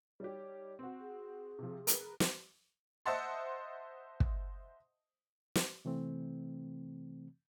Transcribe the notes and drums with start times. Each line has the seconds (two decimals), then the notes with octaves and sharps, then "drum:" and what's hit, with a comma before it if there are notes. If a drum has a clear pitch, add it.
0.20 G3 D#4 G4 C#5
0.79 C4 F#4
1.00 G#4
1.59 C3 F3
1.87 A#4 B4, drum: hi-hat
2.20 drum: snare
3.06 C5 D#5 E5 F#5 A5 C6
4.20 drum: kick
5.55 drum: snare
5.85 C3 E3 A3 C4